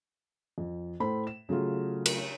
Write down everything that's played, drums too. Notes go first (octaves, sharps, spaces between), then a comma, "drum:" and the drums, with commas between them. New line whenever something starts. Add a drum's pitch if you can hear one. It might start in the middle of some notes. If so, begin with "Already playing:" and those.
F2
A2 A3 C5 B5
E7
C#3 F#3 A3 F4
drum: cymbal